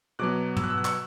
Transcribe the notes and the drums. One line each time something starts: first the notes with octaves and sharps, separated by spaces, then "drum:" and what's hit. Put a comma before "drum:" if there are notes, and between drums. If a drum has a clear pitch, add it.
B2 F#3 B3 D6 F#6
E6, drum: tom
F#6
E6
F#6
C#6 E6, drum: clap